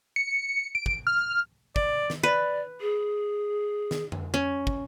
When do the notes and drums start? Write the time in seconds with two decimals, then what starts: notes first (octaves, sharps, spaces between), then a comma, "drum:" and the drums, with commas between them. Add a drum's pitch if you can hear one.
0.16 C#7
0.75 D7
0.86 drum: kick
1.07 F6
1.76 D5, drum: kick
2.10 drum: snare
2.23 B4 D5
2.81 G#4
3.91 drum: snare
4.12 drum: tom F2
4.34 C#4
4.67 drum: kick